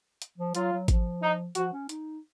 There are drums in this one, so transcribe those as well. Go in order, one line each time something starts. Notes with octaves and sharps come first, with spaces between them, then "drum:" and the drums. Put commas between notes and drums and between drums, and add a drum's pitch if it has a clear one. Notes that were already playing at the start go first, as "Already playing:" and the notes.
drum: hi-hat
F3
F#3 F4, drum: hi-hat
F#3
F3, drum: kick G#1, hi-hat
D#4
F3 F#4, drum: hi-hat
C#4
D#4, drum: hi-hat